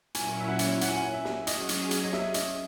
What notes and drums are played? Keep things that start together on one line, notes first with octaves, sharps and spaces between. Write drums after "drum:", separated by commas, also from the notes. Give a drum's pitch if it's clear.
A#2 F#3 C#4 E4 G#5, drum: hi-hat
E5
F#5
drum: hi-hat
F#5, drum: hi-hat
G#5
F#5
E5
drum: snare
F#3 C#4 G#4 D#5, drum: hi-hat
drum: hi-hat
drum: hi-hat
D#5
E5, drum: snare
D#5, drum: hi-hat